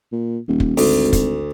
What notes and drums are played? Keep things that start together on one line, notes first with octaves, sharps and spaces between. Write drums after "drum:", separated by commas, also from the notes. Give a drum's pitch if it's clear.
A#2
D#1
drum: kick
G#1 D2, drum: open hi-hat
drum: kick, hi-hat